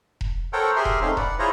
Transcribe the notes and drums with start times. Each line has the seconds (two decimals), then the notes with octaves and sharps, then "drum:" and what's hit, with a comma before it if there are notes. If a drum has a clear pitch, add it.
0.21 drum: kick E1
0.53 A4 A#4 C5 C#5 F#5 G5
0.76 G4 G#4 A#4 E5 C6
0.85 drum: kick E1
1.01 A3 C4 C#4 D#4 F5
1.17 B4 D5 F#5, drum: kick E1
1.39 E4 F4 G#4 C5 C#5 A#5